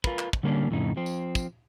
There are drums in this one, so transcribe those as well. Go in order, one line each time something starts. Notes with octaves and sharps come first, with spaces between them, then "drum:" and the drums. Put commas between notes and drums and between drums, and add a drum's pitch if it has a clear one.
F4 A#4 B4, drum: kick
drum: clap
drum: kick
D3 G3 A#3 B3 C#4 D4
F2 A2 C#3 D#4
F3 C4
drum: tambourine
drum: kick, tambourine